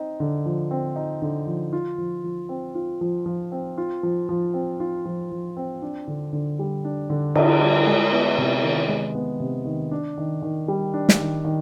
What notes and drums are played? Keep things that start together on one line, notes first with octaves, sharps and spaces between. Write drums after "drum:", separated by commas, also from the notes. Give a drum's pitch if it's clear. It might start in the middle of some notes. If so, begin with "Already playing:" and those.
Already playing: C4 D#4
D3
F3
C4
D#4
D3
F3
F4
F3
F3
C4
F4
F3
F3
C4
F4
F3
F3
C4
F4
F3
F3
C4
D4
D3
D3
G3
D4
D3
D3, drum: cymbal
G3
G#3
B3
C3
D#3
G#3
B3
C3
D#3
D4
D#3
D#3
G3
D4
drum: snare
D#3
D#3